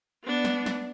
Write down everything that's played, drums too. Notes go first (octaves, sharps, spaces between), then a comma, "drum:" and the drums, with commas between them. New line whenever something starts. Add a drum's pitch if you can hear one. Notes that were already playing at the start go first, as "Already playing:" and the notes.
B3 D4
drum: snare
drum: snare